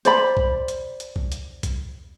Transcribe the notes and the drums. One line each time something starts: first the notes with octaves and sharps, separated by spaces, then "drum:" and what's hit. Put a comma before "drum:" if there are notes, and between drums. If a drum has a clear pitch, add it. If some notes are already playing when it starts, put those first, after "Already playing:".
C5 D5 B5, drum: hi-hat
drum: kick B1
drum: hi-hat
drum: hi-hat
drum: kick B1
drum: hi-hat
drum: kick B1, hi-hat